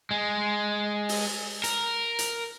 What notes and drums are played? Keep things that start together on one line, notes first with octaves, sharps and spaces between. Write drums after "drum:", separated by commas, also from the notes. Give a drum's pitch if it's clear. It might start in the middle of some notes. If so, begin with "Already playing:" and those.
G#3
drum: open hi-hat
A#4, drum: hi-hat
drum: hi-hat